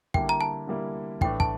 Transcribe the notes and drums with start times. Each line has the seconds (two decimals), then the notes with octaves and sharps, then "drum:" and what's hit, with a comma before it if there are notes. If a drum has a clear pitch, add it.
0.14 D3 G3 A#3 E4 G5, drum: kick
0.29 A#5
0.41 A5
0.67 D3 G3 A#3 E4
1.21 A2 E3 A3 D4 G5, drum: kick
1.40 A5, drum: kick